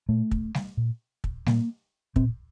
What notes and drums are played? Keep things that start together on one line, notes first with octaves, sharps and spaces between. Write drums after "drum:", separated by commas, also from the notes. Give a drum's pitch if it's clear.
A#2 A3
drum: kick
drum: snare G3
A#2
drum: kick
A#2 A#3, drum: snare G3
A#2 C4, drum: kick